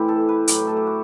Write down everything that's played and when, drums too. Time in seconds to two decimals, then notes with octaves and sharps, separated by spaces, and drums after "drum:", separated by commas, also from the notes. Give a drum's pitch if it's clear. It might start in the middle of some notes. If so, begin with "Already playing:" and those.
Already playing: A2 E3 C4 E4 G4
0.08 A4
0.29 B4
0.48 A2 F#3 G4, drum: hi-hat
0.67 A4
0.77 G4
0.87 F#4